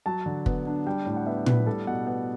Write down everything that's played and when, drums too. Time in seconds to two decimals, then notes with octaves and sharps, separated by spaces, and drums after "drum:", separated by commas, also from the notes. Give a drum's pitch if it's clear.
0.06 F#3 A5
0.26 D3
0.46 B3, drum: kick
0.67 D4
0.86 G3 G5
1.06 A2
1.16 F#5
1.26 B3 E5
1.46 A2 B4, drum: tom A#2
1.66 G3 A4
1.87 B2 F#5
2.07 B3 F#5